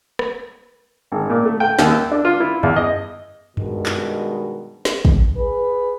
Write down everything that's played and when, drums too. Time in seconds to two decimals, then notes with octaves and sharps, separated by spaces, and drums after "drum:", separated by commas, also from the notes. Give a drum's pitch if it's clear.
0.19 drum: rim click
1.12 G#1
1.30 A#2
1.45 A3
1.60 G5
1.79 D#2, drum: snare
1.91 E6
2.12 D4
2.25 F4
2.40 E4
2.63 E2, drum: tom F#2
2.76 D#5
3.57 G2 B2 D#3 G#3, drum: tom F#2
3.86 drum: clap
4.85 drum: snare
5.05 drum: kick
5.36 G#4 B4